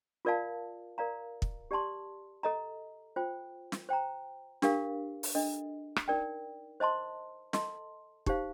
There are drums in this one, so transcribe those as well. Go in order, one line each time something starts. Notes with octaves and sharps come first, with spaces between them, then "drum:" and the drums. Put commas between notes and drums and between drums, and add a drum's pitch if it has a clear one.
F4 A#4 D5 F5 A5
A#4 D5 F5 A#5
drum: kick
G4 D5 A5 C6
A4 D#5 A#5
F4 C5 G5
drum: snare
C5 G5 A#5
D4 G4 A#4 F5, drum: snare
drum: open hi-hat
D4 A4 D#5
drum: rim click
D#4 A#4 D5 G5
C5 D#5 A5 C6
A4 D#5 A5 C6, drum: snare
D#4 G4 C5 F5, drum: kick